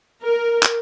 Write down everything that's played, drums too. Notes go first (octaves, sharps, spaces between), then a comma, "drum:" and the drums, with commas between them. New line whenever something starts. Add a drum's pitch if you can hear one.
A#4
drum: clap